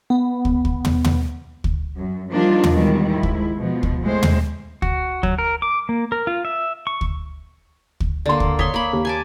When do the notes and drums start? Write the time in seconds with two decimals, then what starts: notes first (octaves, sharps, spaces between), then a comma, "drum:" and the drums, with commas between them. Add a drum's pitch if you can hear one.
0.10 B3
0.45 drum: kick
0.65 drum: kick
0.85 drum: tom
1.05 drum: tom
1.64 drum: kick
1.97 F#2
2.31 F3 G3 A#3 D4 D#4 F4
2.64 drum: tom
2.73 D#2 B2 D#3 E3 G3 G#3
3.14 G#2 F3 E4
3.23 drum: kick
3.57 B2 F3
3.83 drum: kick
4.03 A2 G#3 C5
4.23 drum: tom
4.82 F#4, drum: kick
5.23 F#3, drum: kick
5.38 A#4
5.62 D6
5.89 A#3
6.12 A#4
6.27 F4
6.45 E5
6.87 C#6
7.01 drum: kick
8.00 drum: kick
8.26 D3 A#3 D4 C6
8.40 drum: kick
8.59 C#5 C6 D#6 B6, drum: kick
8.74 A#3 B5
8.93 D#2
9.05 G#5 A5 D6